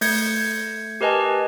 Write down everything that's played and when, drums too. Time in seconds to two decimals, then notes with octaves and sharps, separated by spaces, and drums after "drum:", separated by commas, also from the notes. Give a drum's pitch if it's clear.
0.01 A3 G6 G#6 C#7, drum: open hi-hat
1.01 G4 A#4 B4 D#5 G#5 A5